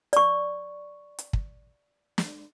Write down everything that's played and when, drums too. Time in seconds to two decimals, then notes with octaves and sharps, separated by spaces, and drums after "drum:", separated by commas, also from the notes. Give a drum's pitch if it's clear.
0.13 D5 C#6, drum: hi-hat
1.19 drum: hi-hat
1.33 drum: kick
2.18 drum: snare